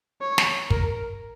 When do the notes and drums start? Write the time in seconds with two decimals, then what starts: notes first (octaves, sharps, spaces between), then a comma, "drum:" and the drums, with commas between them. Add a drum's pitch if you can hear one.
0.21 C#5
0.38 drum: snare
0.70 A#4, drum: kick